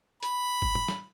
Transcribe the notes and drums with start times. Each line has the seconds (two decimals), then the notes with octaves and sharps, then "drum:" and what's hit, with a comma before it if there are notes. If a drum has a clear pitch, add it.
0.23 B5, drum: hi-hat
0.62 drum: kick G1
0.75 drum: tom
0.88 drum: snare